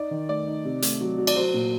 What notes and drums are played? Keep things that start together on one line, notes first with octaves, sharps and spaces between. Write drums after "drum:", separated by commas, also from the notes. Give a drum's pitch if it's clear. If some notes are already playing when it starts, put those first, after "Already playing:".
Already playing: D#4 D5
D#3
A3 D5
D#4
C3
A3, drum: hi-hat
F#3
F#3
D5, drum: cymbal
F#3 C5
A#2